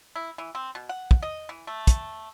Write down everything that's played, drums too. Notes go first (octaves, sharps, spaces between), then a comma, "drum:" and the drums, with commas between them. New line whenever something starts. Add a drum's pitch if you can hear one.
E4
E3
C4
B2
F#5
drum: kick
D#5
E3
A3
drum: kick, hi-hat